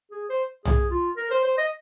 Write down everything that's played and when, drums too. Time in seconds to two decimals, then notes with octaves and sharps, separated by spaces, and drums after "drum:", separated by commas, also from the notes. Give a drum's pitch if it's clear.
0.11 G#4
0.30 C5
0.65 G#4, drum: tom
0.91 F4
1.17 A#4
1.31 C5
1.44 C5
1.58 D#5